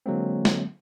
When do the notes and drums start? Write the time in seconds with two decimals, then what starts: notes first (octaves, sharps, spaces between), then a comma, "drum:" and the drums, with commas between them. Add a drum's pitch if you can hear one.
0.06 D3 F#3 G#3 A#3 C4
0.45 drum: snare